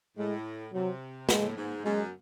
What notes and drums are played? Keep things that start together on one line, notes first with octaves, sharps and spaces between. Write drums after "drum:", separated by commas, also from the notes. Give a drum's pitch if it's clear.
A2 G#3
C3 F#3
A2 G#3, drum: snare
G#2
F#2 G#3